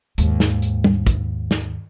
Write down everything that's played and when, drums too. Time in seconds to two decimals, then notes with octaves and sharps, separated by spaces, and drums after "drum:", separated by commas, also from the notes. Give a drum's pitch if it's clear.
0.18 D#2 G#2, drum: hi-hat
0.40 drum: snare
0.62 drum: hi-hat
0.84 drum: tom
1.07 drum: kick, hi-hat
1.51 drum: snare